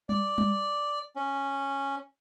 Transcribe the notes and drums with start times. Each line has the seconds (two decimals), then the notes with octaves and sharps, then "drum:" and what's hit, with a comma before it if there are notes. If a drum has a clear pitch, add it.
0.09 D5, drum: tom G3
0.38 drum: tom G3
1.16 C#4